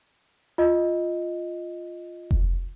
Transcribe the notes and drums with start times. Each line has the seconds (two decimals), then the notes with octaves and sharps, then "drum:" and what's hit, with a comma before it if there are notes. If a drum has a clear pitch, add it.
0.58 F4 D#5
2.31 drum: kick F1